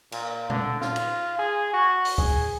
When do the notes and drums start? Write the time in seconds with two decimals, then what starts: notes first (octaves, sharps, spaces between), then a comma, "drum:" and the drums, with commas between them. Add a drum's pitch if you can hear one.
0.12 A#2, drum: cymbal
0.50 D3, drum: tom A#2
0.81 F4, drum: snare
0.96 drum: cymbal
1.39 G#4
1.73 F#4
2.05 drum: open hi-hat
2.18 G#4, drum: kick C#2